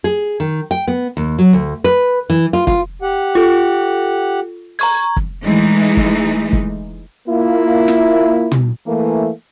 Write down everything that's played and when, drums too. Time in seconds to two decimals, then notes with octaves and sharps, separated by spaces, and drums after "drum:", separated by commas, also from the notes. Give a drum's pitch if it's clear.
0.04 G#4
0.40 D#3
0.71 G5
0.88 B3
1.17 D#2
1.39 F#3
1.53 D2
1.84 B4
2.30 E3
2.53 F4
2.67 F4, drum: kick
3.02 G4 F#5
3.35 F4 A4
4.79 A#5 C#6 G#6, drum: open hi-hat
5.17 drum: kick
5.44 E3 G#3 A3 D#4
5.83 drum: hi-hat
5.97 drum: kick
6.53 drum: kick
7.28 A#3 E4 F4
7.88 drum: snare
8.52 drum: tom
8.87 E3 A3 A#3